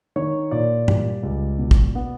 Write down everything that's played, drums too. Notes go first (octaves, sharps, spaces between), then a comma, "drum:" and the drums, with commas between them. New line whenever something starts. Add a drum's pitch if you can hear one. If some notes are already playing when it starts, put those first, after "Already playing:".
D#3 C#5
A#2 D5
G3, drum: tom G2
C#2
B2
drum: kick
B3